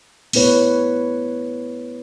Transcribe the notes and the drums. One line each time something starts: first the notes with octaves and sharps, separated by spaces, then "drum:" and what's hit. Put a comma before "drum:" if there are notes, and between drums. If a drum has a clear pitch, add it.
A3 B3 E4 B4 C#5, drum: open hi-hat